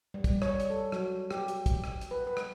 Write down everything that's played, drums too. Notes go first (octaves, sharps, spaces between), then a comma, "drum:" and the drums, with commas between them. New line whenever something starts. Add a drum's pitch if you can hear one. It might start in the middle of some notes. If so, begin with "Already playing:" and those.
G3
drum: kick, hi-hat
C#5, drum: rim click
drum: hi-hat
A4
F#3, drum: rim click
G4, drum: rim click
drum: hi-hat
drum: kick, hi-hat
drum: rim click
drum: hi-hat
B4
B4
drum: rim click